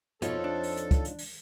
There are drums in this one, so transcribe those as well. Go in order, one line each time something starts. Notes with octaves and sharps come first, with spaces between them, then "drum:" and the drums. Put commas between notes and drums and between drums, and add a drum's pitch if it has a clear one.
F2 B2 F3 D#4 F4 A4 C#5, drum: hi-hat
D4
drum: open hi-hat
drum: hi-hat
drum: kick, hi-hat
drum: hi-hat
drum: open hi-hat